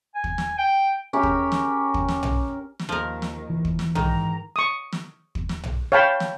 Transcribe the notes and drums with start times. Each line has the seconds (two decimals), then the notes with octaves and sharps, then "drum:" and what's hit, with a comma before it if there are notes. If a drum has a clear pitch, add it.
0.15 G#5
0.24 drum: kick
0.38 drum: snare
0.58 G5
1.13 C#4 G4 A#4
1.23 drum: kick
1.52 drum: snare
1.94 drum: kick
2.08 drum: snare
2.23 drum: tom
2.79 drum: snare
2.89 D#2 D#3 F3 A#4
3.22 drum: snare
3.50 E3
3.65 drum: kick
3.79 drum: snare
3.95 G#2 D#3 A#5, drum: tom
4.56 C#6 D#6
4.92 drum: snare
5.35 drum: kick
5.49 drum: snare
5.63 drum: tom
5.92 C#5 F5 G5 A5 B5
6.20 drum: snare